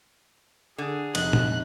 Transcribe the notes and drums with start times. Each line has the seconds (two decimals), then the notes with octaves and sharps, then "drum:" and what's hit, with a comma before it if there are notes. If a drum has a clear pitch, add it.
0.78 D3 G#4
1.15 F1 F#6, drum: cymbal
1.33 drum: tom A#2